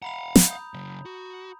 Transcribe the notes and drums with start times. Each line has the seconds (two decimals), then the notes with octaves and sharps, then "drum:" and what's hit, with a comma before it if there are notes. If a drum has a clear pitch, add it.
0.02 F5 F#5 A#5 B5 F7
0.36 drum: snare
0.47 D#6 G6
0.74 C#3 F#3
1.05 F#4